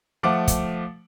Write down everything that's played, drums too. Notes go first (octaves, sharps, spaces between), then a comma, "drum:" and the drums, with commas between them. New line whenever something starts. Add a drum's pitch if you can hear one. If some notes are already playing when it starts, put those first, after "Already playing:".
F3 A3 F#5 D6
drum: kick, hi-hat